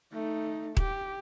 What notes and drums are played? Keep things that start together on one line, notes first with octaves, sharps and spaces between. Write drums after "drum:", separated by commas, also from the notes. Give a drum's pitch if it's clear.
A3 D#4
G4, drum: kick D#1